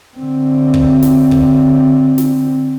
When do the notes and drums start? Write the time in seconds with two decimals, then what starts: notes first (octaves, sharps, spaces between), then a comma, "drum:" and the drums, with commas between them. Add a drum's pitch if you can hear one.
0.16 D3 C4
0.74 drum: kick
1.02 drum: snare
1.31 drum: kick
2.18 drum: snare